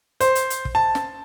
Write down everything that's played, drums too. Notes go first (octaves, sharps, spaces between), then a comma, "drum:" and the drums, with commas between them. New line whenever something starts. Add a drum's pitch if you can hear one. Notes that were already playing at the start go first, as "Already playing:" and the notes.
C5, drum: hi-hat
drum: hi-hat
drum: hi-hat
drum: kick
A5
drum: snare